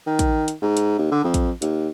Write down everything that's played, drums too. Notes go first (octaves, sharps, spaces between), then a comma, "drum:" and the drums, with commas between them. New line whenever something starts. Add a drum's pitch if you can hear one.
D#3
drum: kick, hi-hat
drum: hi-hat
G#2
drum: hi-hat
D#2
D3
F2
drum: kick, hi-hat
D#2, drum: hi-hat